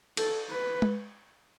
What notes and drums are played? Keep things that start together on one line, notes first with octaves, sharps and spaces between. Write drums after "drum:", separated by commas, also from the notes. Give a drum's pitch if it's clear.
A4, drum: cymbal
B4
drum: tom G#3